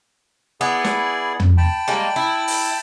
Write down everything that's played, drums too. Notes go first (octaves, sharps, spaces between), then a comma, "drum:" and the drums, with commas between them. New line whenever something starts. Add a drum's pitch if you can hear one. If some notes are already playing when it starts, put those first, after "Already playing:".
B3 E4 G#4 D5
drum: snare
drum: tom
G5 A5 B5
G3 G#3 A#3
E4
drum: open hi-hat